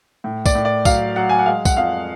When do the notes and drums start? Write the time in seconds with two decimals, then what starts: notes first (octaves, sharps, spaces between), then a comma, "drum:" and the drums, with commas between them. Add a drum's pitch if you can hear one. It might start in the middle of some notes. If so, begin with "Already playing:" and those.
0.24 A2
0.46 D5, drum: kick, tambourine
0.55 A2
0.65 D5
0.85 F#3 F5, drum: kick, tambourine
1.16 F#3 F#5
1.29 G#5
1.39 F#5
1.46 G#3 F5
1.65 F#5, drum: kick, tambourine
1.77 F2 F5